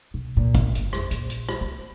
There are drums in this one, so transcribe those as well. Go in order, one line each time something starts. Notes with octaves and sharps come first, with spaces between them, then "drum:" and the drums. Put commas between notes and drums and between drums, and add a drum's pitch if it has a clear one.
B2
A#2
drum: kick G#1, hi-hat
G1, drum: hi-hat
F2, drum: rim click
A#1, drum: hi-hat
drum: hi-hat
drum: rim click
C4